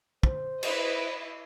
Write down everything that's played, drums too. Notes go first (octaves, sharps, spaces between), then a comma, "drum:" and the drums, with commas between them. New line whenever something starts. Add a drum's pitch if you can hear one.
C5, drum: kick
E4 B4 D#5, drum: cymbal